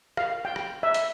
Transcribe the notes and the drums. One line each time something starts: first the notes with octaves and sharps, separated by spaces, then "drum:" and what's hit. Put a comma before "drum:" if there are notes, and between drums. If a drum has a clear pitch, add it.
F5, drum: rim click
G5
drum: rim click
E5
drum: hi-hat